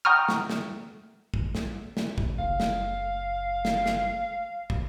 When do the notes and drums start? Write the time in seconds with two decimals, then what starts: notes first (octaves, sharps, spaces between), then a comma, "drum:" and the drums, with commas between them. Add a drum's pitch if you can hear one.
0.05 F#5 G5 A#5 C#6 D#6 F6
0.29 drum: snare
0.50 drum: snare
1.34 drum: kick
1.55 drum: snare
1.97 drum: snare
2.18 drum: kick
2.39 F#1 F5
2.60 drum: snare
3.65 drum: snare
3.86 drum: snare
4.70 drum: kick